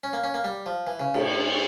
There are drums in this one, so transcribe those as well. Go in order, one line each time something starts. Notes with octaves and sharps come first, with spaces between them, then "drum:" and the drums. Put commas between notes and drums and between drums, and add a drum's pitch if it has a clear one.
C#4
A#3
C#4
A#3
G3
F3
E3
C#3
A2, drum: cymbal